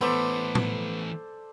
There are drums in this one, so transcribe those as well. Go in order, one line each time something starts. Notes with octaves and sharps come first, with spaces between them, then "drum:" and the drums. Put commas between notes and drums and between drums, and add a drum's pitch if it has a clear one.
E3 A3 B3 A4 C5 D5
drum: tom A2